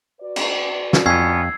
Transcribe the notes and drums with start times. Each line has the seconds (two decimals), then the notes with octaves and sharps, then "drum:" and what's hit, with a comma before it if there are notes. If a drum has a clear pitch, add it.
0.21 F#4 B4 D5
0.36 drum: cymbal
0.93 drum: snare
1.06 F2 B3 C#4 E6 G#6 C7